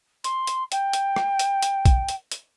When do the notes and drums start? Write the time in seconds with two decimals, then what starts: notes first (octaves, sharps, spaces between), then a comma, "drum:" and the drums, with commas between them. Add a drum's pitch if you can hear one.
0.24 C6, drum: hi-hat
0.47 drum: hi-hat
0.72 G5, drum: hi-hat
0.93 drum: hi-hat
1.16 drum: rim click
1.39 drum: hi-hat
1.62 drum: hi-hat
1.85 drum: kick, hi-hat
2.09 drum: hi-hat
2.32 drum: hi-hat